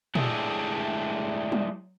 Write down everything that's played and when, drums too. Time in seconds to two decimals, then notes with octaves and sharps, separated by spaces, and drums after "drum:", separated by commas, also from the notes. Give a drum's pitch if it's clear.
0.15 G#3 A3 D4 E4 G4 G#4, drum: tom A#2
1.52 drum: tom